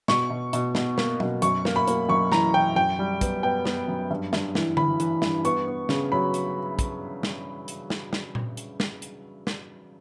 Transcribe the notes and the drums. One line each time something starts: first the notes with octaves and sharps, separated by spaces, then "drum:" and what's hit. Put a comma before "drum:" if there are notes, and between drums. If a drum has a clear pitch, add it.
B2 C#6, drum: snare
B2
B2, drum: hi-hat
B2, drum: snare
A#3, drum: snare
B2, drum: tom F#3
F#2 C#6, drum: hi-hat
A#3, drum: snare
B5
A#3, drum: hi-hat
F#2 C#6
E3 A#5, drum: snare
E3 G5
F#2 G5
G3
B3, drum: kick, hi-hat
B3 G5
B3, drum: snare
F#2
G2
G2, drum: snare
E3, drum: snare
E3 B5, drum: tom D3
E3, drum: hi-hat
G2, drum: snare
B3 C#6, drum: hi-hat
B3
C#3, drum: snare
F#3 B5
drum: hi-hat
drum: kick, hi-hat
drum: snare
drum: hi-hat
drum: snare
drum: snare
drum: tom A#2
drum: hi-hat
drum: snare
drum: hi-hat
drum: snare